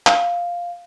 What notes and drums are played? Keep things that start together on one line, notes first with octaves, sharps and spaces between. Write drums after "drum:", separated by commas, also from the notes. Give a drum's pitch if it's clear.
F5, drum: clap